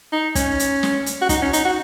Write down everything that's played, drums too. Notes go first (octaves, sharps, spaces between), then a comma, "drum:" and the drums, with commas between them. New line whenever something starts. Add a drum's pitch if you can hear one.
D#4
C#4, drum: kick, hi-hat
drum: hi-hat
drum: snare
drum: hi-hat
F#4
D#4, drum: kick, hi-hat
C#4
D#4, drum: hi-hat
F#4